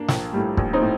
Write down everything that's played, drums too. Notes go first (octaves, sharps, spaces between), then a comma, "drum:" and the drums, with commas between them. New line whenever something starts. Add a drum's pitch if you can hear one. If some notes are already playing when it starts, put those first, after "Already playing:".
Already playing: A#3 D4
A#1, drum: snare
A2 G3
A#1, drum: kick
C4 D#4
A2